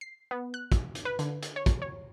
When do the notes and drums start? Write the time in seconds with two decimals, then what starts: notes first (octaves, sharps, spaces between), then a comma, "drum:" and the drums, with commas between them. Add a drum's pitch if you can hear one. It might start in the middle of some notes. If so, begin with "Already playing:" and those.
0.01 C7
0.31 B3
0.54 F#6
0.72 drum: kick, hi-hat
0.95 drum: hi-hat
1.05 B4
1.19 D3, drum: hi-hat
1.43 drum: hi-hat
1.56 C#5
1.66 drum: kick, hi-hat
1.82 C#5